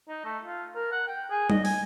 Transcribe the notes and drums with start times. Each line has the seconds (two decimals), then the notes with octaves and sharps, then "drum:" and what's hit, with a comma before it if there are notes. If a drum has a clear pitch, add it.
0.08 D#4
0.25 A3
0.44 F4
0.75 A#4
0.92 F#5
1.07 G5
1.31 G#4
1.50 D#5, drum: tom G3
1.65 G#5, drum: open hi-hat